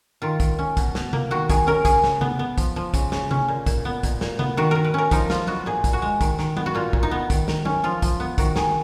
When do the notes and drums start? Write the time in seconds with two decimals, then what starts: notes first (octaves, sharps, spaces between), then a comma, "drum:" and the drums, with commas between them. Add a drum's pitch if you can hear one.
0.22 D#3 F4
0.40 D#3, drum: kick, hi-hat
0.59 C#4
0.77 B2, drum: kick, hi-hat
0.95 B2, drum: snare
1.13 A#3, drum: tom C3
1.31 D#3 F#4
1.49 D#3 G#4, drum: kick, hi-hat
1.67 C#4 A#4
1.85 C#3 G#4, drum: kick, hi-hat
2.03 C#3, drum: snare
2.21 B3, drum: tom C3
2.39 B3
2.58 F3, drum: kick, hi-hat
2.76 F3
2.94 C#3, drum: kick, hi-hat
3.12 C#3, drum: snare
3.31 C#4, drum: tom C3
3.48 A#2
3.66 A#2, drum: kick, hi-hat
3.85 B3
4.03 A#2, drum: kick, hi-hat
4.21 A#2, drum: snare
4.39 B3, drum: tom C3
4.57 D#3 F#4
4.71 D#3 A#4
4.84 B4
4.94 C#4 A#4
5.11 F3 D#4, drum: kick, hi-hat
5.30 F3 F4, drum: snare
5.47 B3 F#4, drum: tom F#3
5.66 A#2 G#4
5.84 A#2, drum: kick, hi-hat
5.93 F#4
6.02 G#3
6.21 D#3, drum: kick, hi-hat
6.39 D#3, drum: snare
6.57 B3, drum: tom F#3
6.66 F#4
6.75 A#2 F4
6.93 A#2, drum: kick
7.03 D#4
7.11 B3
7.30 D#3, drum: kick, hi-hat
7.48 D#3, drum: snare
7.65 C#4, drum: tom F#3
7.84 F3 F4
8.02 F3, drum: kick, hi-hat
8.20 B3
8.38 D#3 F#4, drum: kick, hi-hat
8.56 D#3 G#4, drum: snare